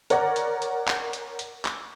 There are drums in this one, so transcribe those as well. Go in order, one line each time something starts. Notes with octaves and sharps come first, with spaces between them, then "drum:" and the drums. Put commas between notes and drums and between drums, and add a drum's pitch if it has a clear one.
A#4 C#5 D5 F#5 A#5, drum: hi-hat
drum: hi-hat
drum: hi-hat
drum: clap
drum: hi-hat
drum: hi-hat
drum: clap